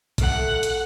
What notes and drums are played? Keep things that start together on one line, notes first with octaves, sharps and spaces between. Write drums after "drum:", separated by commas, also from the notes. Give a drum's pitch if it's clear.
A#2 A3 F#5, drum: kick, hi-hat
drum: hi-hat